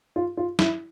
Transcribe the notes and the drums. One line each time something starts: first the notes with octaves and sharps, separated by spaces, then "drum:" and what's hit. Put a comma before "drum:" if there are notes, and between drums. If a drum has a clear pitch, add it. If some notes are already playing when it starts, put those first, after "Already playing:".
F4
F4
E4, drum: snare